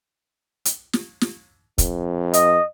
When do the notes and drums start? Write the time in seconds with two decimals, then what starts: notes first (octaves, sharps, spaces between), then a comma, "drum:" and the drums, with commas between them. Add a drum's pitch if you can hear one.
0.65 drum: hi-hat
0.93 drum: snare
1.21 drum: snare
1.78 F2, drum: kick, hi-hat
2.33 D#5, drum: hi-hat